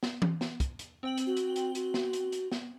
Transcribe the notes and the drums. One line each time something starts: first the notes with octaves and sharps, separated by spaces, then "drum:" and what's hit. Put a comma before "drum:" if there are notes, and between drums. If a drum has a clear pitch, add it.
drum: snare
drum: tom E3
drum: snare
drum: kick, hi-hat
drum: hi-hat
C4 G5 F#7
drum: hi-hat
F#4
drum: hi-hat
drum: hi-hat
F#4, drum: hi-hat
drum: snare
drum: hi-hat
drum: hi-hat
drum: snare